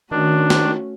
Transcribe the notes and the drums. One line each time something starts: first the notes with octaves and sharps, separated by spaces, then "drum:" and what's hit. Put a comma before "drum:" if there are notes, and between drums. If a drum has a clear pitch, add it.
D#3 A3 C#4 D4 F#4
drum: snare